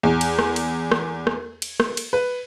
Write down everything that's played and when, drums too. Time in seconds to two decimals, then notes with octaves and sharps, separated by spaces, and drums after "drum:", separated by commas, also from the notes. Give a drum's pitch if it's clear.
0.03 E2
0.21 drum: cymbal
0.39 drum: rim click
0.56 drum: cymbal
0.92 drum: rim click
1.27 drum: rim click
1.62 drum: cymbal
1.80 drum: rim click
1.97 drum: cymbal
2.13 B4